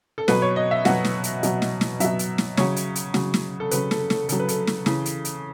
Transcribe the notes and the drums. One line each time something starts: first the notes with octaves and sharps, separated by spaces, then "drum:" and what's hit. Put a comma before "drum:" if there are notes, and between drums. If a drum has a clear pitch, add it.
A4
B2 F#3 B4, drum: snare
C#5
D#5
E5
B2 F#3 F#5, drum: snare
drum: snare
drum: hi-hat
B2 F#3, drum: hi-hat
drum: snare
drum: snare
B2 F#3 E5, drum: hi-hat
drum: hi-hat
drum: snare
C#3 F#3 C#5, drum: snare
drum: hi-hat
drum: hi-hat
C#3 F#3, drum: snare
drum: snare
A4
C#3 F#3 B4, drum: hi-hat
A4, drum: snare
A4, drum: snare
C#3 F#3 A4, drum: hi-hat
B4
A4, drum: hi-hat
drum: snare
C#3 E3, drum: snare
drum: hi-hat
drum: hi-hat